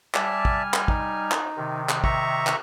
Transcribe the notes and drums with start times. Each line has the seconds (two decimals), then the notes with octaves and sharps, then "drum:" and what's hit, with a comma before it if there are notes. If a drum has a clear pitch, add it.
0.14 G3 D5 E5 G#5 A5 F6, drum: clap
0.45 drum: kick
0.74 drum: clap
0.88 D#4, drum: kick
1.31 drum: clap
1.57 C3 D#3
1.89 drum: clap
2.04 E5 A#5 C#6, drum: kick
2.47 drum: clap